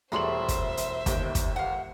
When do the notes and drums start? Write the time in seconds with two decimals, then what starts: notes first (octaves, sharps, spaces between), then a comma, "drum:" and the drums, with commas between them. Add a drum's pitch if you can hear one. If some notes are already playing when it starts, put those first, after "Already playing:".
0.12 E1 G3 A3 G#4 C5 E5 C6 F#7
0.48 drum: kick, hi-hat
0.77 drum: hi-hat
1.06 G1 D#2 D#5 G5, drum: kick, hi-hat
1.35 drum: kick, hi-hat
1.56 F5 F#5